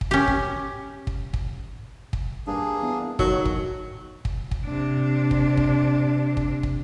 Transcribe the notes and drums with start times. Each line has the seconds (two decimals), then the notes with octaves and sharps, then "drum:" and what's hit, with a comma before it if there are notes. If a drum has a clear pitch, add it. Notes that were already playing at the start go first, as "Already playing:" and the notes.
0.01 drum: kick
0.11 C#4 G4
0.28 drum: kick
1.07 drum: kick
1.34 drum: kick
2.13 drum: kick
2.47 G2 A#3 D4 G#4
2.82 E2
3.19 D#3 F#3 A4, drum: kick
3.45 drum: kick
4.25 drum: kick
4.51 drum: kick
4.66 C3 D4
5.31 drum: kick
5.57 drum: kick
6.37 drum: kick
6.63 drum: kick